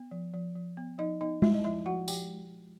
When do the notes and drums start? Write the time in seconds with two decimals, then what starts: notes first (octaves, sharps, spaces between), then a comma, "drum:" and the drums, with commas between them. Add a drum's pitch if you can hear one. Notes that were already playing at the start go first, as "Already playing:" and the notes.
Already playing: B3
0.11 F3
0.34 F3
0.56 F3
0.77 B3
0.98 F3 D#4 D#5
1.21 B3 D#4 D#5
1.42 G#3 E4 E5, drum: tom G#3
1.54 D#5
1.64 F3 E4 E5
1.86 F3 F#4 F#5
2.08 F3 G4 G5, drum: tambourine